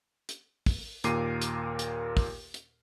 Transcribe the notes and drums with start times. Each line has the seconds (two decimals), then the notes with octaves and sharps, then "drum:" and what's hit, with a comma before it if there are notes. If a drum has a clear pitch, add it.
0.29 drum: hi-hat
0.66 drum: kick, open hi-hat
1.04 D#2 A#2 A#4 D6 C7 D#7, drum: hi-hat
1.42 drum: hi-hat
1.79 drum: hi-hat
2.17 drum: kick, open hi-hat
2.54 drum: hi-hat